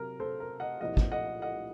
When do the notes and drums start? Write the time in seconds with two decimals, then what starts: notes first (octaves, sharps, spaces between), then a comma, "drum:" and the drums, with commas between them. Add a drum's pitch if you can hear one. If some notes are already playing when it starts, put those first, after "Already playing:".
Already playing: C3 F#3 A#4
0.20 A4 C5
0.40 A#4
0.60 D#5 F#5
0.81 C2 A#2 F3 D#5 F#5
0.97 drum: kick
1.12 D#5 F#5
1.42 D#5 F#5